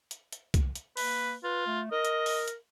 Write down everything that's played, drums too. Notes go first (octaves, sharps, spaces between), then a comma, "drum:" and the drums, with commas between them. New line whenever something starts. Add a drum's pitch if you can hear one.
drum: hi-hat
drum: hi-hat
drum: kick C2, hi-hat
drum: hi-hat
A#3 B4, drum: open hi-hat
F4 B4
A3
A#4 D#5
drum: hi-hat
drum: open hi-hat
drum: hi-hat